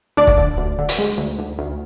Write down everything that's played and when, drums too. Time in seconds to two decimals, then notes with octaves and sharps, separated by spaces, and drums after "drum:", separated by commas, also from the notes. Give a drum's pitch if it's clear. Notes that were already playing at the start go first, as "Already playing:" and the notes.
0.17 D2 D4 D5
0.27 drum: kick
0.38 D3
0.58 D2
0.78 D3
0.89 drum: hi-hat
0.98 G#3
1.18 D2
1.39 D2
1.59 D2